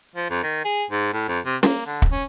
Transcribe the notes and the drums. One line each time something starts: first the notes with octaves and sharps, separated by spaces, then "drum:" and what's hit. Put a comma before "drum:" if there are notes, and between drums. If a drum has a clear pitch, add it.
F3
F2
D#3
G#4
G#2
A2
F2
C3
A#3, drum: snare
D3
drum: kick
C#4